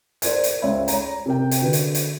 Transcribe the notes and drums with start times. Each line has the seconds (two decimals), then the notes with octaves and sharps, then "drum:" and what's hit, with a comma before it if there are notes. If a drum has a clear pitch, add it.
0.22 A#4 C5 D5 G#6, drum: hi-hat
0.44 drum: hi-hat
0.62 C#2 C5 C#5 E5 B5
0.88 C#5 A#5, drum: hi-hat
1.26 C3 A#4 G5
1.51 drum: hi-hat
1.62 D3 F#4 B4
1.73 drum: hi-hat
1.95 drum: hi-hat